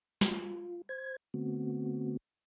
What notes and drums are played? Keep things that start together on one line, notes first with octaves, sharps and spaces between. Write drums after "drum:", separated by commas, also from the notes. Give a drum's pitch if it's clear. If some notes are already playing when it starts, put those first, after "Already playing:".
F4, drum: snare
C5 G#6
D3 A3 B3 C4 F#4